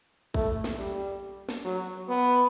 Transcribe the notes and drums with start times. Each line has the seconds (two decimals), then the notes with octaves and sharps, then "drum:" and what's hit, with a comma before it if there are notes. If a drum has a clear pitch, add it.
0.34 A3, drum: kick A1
0.64 drum: snare
0.78 G3
1.49 drum: snare
1.65 F#3
2.09 B3